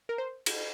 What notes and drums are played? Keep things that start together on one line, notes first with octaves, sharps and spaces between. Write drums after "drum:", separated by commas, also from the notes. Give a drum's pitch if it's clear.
A#4
C5
drum: cymbal